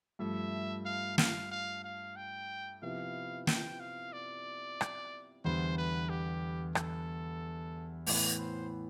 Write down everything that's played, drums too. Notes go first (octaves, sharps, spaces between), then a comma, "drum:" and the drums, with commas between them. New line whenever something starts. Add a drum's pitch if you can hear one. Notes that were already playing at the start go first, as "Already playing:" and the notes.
G2 F3 A3 E5
F5
F5, drum: snare
F5
F5
G5
C3 F3 B3 E4 B4 F5
G5, drum: snare
F5
D5
drum: rim click
E2 D3 G3 B3 C5
B4
G4
A4, drum: rim click
A2 E3 B3 B4, drum: open hi-hat
C5